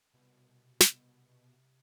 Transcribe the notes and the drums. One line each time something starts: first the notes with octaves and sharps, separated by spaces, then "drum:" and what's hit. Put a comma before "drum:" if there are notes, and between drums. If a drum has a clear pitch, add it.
C2 B2
drum: snare